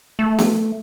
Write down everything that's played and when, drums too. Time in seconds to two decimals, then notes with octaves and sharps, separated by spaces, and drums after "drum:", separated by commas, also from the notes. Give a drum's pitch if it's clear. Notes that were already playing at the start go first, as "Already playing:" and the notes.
0.19 A3
0.38 drum: snare B3